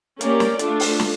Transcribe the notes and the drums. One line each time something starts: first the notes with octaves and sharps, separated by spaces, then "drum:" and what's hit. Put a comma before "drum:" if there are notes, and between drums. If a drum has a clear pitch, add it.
A#3 C#4 G4 A#4 D5, drum: hi-hat
drum: snare
A3 D4 F4 A4, drum: hi-hat
drum: open hi-hat
drum: snare